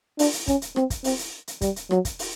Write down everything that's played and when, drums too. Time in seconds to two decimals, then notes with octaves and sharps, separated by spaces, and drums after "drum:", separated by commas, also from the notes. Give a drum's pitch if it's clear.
0.19 D4, drum: open hi-hat
0.33 drum: hi-hat
0.47 C#4, drum: kick, hi-hat
0.62 drum: hi-hat
0.76 C4, drum: rim click
0.90 drum: kick, hi-hat
1.04 C4, drum: open hi-hat
1.19 drum: hi-hat
1.48 drum: hi-hat
1.61 G3, drum: kick, hi-hat
1.76 drum: hi-hat
1.91 F#3, drum: rim click
2.05 drum: kick, hi-hat
2.19 drum: open hi-hat